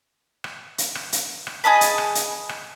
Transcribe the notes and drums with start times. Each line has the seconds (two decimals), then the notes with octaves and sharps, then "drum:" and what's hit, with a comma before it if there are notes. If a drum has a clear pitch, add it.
0.44 drum: rim click
0.78 drum: hi-hat
0.95 drum: rim click
1.12 drum: hi-hat
1.47 drum: rim click
1.64 G#4 D#5 A5 B5
1.81 drum: hi-hat
1.98 drum: rim click
2.15 drum: hi-hat
2.49 drum: rim click